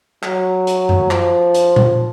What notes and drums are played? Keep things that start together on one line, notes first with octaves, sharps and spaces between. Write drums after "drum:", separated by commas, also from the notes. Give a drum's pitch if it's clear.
F#3, drum: clap
drum: hi-hat
drum: tom F#2
F3, drum: clap
drum: hi-hat
drum: tom A#2